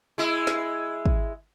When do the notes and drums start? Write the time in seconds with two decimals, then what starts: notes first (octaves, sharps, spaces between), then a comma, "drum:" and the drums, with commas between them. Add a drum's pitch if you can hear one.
0.18 G#3 E4
0.47 drum: snare
1.06 drum: kick